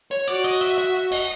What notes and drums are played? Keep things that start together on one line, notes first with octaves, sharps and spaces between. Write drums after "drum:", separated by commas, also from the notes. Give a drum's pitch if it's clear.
C#5
F#4 D5
D#5
E5
E5
D#5, drum: open hi-hat